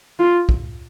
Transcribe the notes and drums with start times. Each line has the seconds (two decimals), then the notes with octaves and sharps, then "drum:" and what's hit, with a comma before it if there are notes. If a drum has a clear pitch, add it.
0.19 F4
0.49 drum: kick